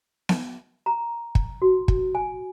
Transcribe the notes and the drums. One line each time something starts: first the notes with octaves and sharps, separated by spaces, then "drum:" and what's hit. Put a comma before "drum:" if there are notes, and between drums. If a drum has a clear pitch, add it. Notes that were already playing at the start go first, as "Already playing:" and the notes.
drum: snare B3
A#5
drum: kick
F#4
drum: kick
G#5